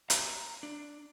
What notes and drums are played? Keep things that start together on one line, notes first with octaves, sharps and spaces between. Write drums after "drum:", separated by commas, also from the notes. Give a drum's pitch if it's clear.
A#5, drum: hi-hat
D4